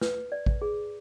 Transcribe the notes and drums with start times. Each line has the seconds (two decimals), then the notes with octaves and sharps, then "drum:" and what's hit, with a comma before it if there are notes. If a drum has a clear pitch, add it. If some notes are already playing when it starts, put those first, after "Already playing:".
0.01 B4, drum: snare
0.32 D5
0.46 drum: kick A1
0.62 G#4